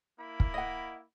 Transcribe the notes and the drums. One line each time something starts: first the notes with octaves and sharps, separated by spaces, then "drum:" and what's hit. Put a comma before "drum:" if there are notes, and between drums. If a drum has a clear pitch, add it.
A#3 E4 B5
drum: kick
D#5 F#5